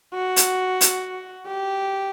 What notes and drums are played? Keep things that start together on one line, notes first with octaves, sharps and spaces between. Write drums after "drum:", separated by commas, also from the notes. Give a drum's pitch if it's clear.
F#4
drum: hi-hat
drum: hi-hat
G4